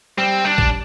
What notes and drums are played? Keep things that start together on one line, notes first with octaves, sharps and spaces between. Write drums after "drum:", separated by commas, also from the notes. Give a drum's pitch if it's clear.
G3 C4
G3 D4
drum: kick